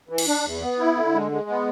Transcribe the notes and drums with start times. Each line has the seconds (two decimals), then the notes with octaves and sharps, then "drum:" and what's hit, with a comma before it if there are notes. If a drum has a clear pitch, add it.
0.09 E3
0.18 drum: cymbal
0.27 D4
0.44 E2
0.62 B3
0.79 E4
0.96 D3
1.14 G#3
1.31 G#3
1.49 B3